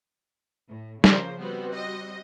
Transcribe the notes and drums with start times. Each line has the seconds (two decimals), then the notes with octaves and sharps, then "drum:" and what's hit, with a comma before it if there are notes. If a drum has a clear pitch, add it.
0.70 A2
1.04 C#3 F3 A#3 C5, drum: snare
1.38 G3 B3 C4 F#4
1.74 D#5